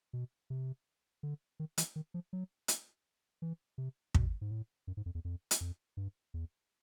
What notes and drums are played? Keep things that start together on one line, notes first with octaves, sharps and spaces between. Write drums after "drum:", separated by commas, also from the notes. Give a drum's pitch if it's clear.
B2
C3
D3
D#3
E3, drum: hi-hat
D#3
F3
F#3
drum: hi-hat
E3
C3
B2, drum: kick
G#2
A2
F#2
G#2
F2
E2
F2
drum: hi-hat
F2
G2
E2